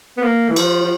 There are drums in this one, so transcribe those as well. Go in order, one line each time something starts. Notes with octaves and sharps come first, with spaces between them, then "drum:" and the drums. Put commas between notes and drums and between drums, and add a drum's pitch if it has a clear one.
B3
A#3
E3
F3, drum: cymbal
F3